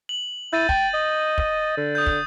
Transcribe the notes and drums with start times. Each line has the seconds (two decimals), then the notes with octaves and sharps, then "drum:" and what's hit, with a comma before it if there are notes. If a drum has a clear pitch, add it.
0.09 F#7
0.53 E4 G6 A6 D#7
0.69 G5, drum: kick
0.94 D#5
1.38 drum: kick
1.77 D3
1.95 D#6 G6
2.07 drum: kick